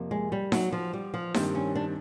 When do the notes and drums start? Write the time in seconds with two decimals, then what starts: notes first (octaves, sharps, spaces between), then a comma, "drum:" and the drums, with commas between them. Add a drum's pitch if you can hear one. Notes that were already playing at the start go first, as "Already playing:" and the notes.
Already playing: F2 C3 F3 A#3
0.11 G#3
0.32 G3
0.52 F#3, drum: snare D#4
0.72 F3
0.93 G3
1.14 F3
1.34 G2 D#3 G3 C4, drum: snare D#4
1.55 C#4
1.75 D4